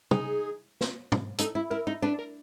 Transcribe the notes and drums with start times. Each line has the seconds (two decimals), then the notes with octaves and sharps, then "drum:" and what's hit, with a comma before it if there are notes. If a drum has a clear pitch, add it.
0.11 D#4 G#4, drum: tom
0.81 drum: snare
1.12 drum: tom
1.38 D#4 A4, drum: hi-hat
1.55 E4
1.70 E4 A#4
1.87 D#4
2.02 D4 B4
2.19 A#4